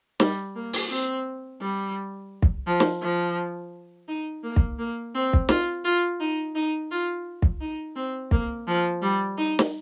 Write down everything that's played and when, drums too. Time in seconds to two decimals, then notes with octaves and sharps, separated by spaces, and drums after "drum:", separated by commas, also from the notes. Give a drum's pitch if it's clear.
0.20 G3, drum: snare
0.55 A#3
0.73 drum: open hi-hat
0.91 C4
1.61 G3
2.42 drum: kick
2.66 F3
2.80 drum: snare
3.02 F3
4.08 D#4
4.44 A#3
4.56 drum: kick
4.79 A#3
5.14 C4
5.33 drum: kick
5.49 F4, drum: snare
5.84 F4
6.20 D#4
6.55 D#4
6.91 F4
7.42 drum: kick
7.61 D#4
7.95 C4
8.31 A#3, drum: kick
8.67 F3
9.02 G3
9.37 D#4
9.59 drum: snare